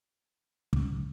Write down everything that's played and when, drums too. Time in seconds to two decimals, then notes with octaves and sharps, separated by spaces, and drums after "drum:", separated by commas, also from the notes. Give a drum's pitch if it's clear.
0.73 C#3, drum: kick